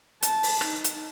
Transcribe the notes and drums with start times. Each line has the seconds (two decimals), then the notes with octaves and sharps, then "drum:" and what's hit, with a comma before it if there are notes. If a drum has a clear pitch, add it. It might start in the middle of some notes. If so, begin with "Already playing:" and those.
0.22 A5, drum: hi-hat
0.43 drum: open hi-hat
0.61 D#4, drum: rim click
0.84 drum: hi-hat